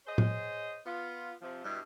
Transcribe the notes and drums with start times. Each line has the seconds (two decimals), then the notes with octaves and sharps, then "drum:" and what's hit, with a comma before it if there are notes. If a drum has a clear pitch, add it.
0.06 G#4 C5 C#5 D#5
0.18 drum: tom A2
0.86 B3 F4
1.42 C3 F3
1.64 G2 B2 G3 E4